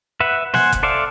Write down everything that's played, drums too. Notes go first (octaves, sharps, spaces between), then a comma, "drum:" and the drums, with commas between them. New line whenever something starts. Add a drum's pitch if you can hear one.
B4 E5 F#5
C5 F#5 G#5, drum: snare
drum: kick F#1, hi-hat
A4 C5 D5 E5 F5